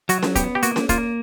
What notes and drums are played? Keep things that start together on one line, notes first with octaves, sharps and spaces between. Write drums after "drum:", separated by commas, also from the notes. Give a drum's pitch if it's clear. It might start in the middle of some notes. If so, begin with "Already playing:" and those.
F#3 F#4, drum: hi-hat
drum: snare C#4
B3 G4, drum: kick, hi-hat
G4
A#3 F#4, drum: hi-hat
drum: snare C#4
A#3 F4, drum: kick, hi-hat